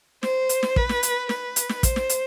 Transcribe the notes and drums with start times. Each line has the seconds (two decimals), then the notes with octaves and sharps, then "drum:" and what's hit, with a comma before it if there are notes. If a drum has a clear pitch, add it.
0.23 C5, drum: snare
0.49 drum: hi-hat
0.63 drum: snare
0.76 B4, drum: kick
0.89 drum: snare
1.03 drum: hi-hat
1.29 B4, drum: snare
1.56 drum: hi-hat
1.69 drum: snare
1.83 C5, drum: kick, hi-hat
1.96 drum: snare
2.09 drum: hi-hat